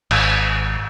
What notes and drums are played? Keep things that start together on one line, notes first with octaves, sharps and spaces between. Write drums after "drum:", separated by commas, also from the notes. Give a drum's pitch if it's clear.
G#1, drum: cymbal